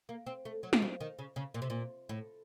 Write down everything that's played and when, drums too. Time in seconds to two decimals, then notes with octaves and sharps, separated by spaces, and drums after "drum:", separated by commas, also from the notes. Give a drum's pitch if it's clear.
0.09 A#3
0.26 C4
0.45 A3
0.63 F#3
0.73 drum: snare
0.82 F3
1.00 D#3
1.19 C#3
1.36 C#3
1.54 A#2
1.62 C3
1.70 A#2
2.09 A2